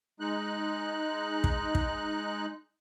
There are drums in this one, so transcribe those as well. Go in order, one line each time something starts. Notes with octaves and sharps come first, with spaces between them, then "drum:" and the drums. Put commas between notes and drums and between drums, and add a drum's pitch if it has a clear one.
G#3 D#4 F#6
drum: kick
drum: kick